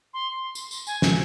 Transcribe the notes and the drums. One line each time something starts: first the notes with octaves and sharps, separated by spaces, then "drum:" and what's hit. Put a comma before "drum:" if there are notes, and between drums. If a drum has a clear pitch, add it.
C6
drum: tambourine
drum: tambourine
G#5, drum: tambourine
drum: snare